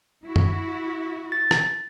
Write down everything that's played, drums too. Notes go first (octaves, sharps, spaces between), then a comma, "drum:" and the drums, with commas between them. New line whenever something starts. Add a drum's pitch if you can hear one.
E4 F#4
drum: tom F#2
A6
drum: rim click